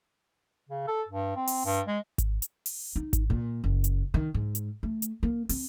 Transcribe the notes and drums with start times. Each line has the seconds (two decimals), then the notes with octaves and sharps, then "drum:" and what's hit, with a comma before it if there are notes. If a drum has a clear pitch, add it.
0.69 C#3
0.87 A4
1.08 G2
1.36 C4
1.47 drum: open hi-hat
1.65 G2
1.87 G#3
2.18 drum: kick G#1, hi-hat
2.42 drum: hi-hat
2.66 drum: open hi-hat
2.96 D#4
3.13 drum: kick G#1, hi-hat
3.30 A#2
3.64 F#1
3.84 drum: hi-hat
4.14 D#3
4.34 G#2
4.55 drum: hi-hat
4.83 A3
5.02 drum: hi-hat
5.23 A#3
5.49 C4, drum: open hi-hat